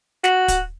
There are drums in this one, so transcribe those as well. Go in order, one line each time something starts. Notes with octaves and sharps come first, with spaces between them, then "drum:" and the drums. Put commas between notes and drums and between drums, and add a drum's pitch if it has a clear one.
F#4, drum: snare
drum: kick, hi-hat